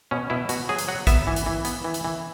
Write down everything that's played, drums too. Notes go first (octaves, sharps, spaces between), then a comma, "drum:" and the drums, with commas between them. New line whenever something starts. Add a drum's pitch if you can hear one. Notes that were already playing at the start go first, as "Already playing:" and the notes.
B2 C#4
B2 E4
B2 F#4, drum: hi-hat
F#3 G#4
drum: hi-hat
F#3 F#5
B3 E5, drum: kick A1, hi-hat
E3
drum: hi-hat
E3
B3, drum: hi-hat
E3
drum: hi-hat
E3